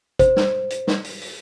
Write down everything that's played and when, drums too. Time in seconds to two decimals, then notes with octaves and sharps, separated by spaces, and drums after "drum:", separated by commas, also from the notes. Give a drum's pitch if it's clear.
0.19 C5, drum: kick, hi-hat
0.36 drum: snare
0.70 drum: hi-hat
0.87 drum: snare
1.04 drum: open hi-hat
1.21 drum: open hi-hat